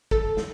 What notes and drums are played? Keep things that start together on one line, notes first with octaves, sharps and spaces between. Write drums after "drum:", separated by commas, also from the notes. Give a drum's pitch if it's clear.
A4, drum: kick
drum: snare